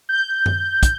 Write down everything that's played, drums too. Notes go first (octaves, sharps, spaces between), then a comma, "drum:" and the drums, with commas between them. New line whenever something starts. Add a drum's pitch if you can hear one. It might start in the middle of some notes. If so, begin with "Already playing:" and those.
G6
drum: tom F#2
drum: kick, hi-hat